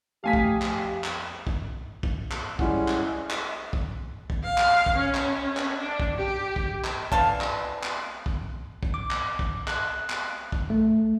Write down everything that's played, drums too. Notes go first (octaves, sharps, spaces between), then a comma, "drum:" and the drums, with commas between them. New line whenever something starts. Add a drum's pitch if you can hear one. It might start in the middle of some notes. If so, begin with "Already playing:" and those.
F2 A3 G4 F5 G#5 D#6 B6
drum: kick
drum: clap
drum: clap
drum: kick
drum: kick
drum: clap
G3 G#3 C#4 E4 F#5, drum: kick
drum: clap
drum: clap
drum: kick
drum: kick
F5
drum: clap
drum: kick
C#4
drum: clap
drum: clap
D4
drum: kick
G4
drum: kick
drum: clap
D3 E3 F5 A5, drum: kick
drum: clap
drum: clap
drum: kick
drum: kick
D6
drum: clap
drum: kick
F#6, drum: clap
drum: clap
drum: kick
A3